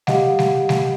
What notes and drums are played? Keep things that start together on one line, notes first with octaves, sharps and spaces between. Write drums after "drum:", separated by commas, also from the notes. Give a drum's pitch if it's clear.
G4 D#5 F5 F#5, drum: snare G3
drum: snare G3
drum: snare G3